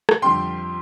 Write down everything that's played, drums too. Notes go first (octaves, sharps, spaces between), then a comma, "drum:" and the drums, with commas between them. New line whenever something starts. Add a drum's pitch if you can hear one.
drum: rim click
F2 D3 G3 G5 C6